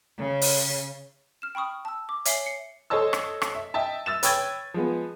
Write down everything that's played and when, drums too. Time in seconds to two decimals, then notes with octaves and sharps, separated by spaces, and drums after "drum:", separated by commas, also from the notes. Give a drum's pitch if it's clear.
0.17 C#3
0.42 drum: open hi-hat
1.42 F6 E7
1.55 G5 B5 C#6 D#6 F6
1.85 A5 E6
2.09 D6
2.25 C#5 E5 G#5 C7, drum: hi-hat
2.46 C7 C#7
2.90 A4 C5 C#5 D#5 A5 E6
3.13 drum: rim click
3.42 drum: rim click
3.55 E5
3.74 D#5 E5 G5 A5
4.06 E5 E6 A6 E7
4.23 B4 C#5 G5 E6 G#6 A6, drum: hi-hat
4.74 F3 G#3 B3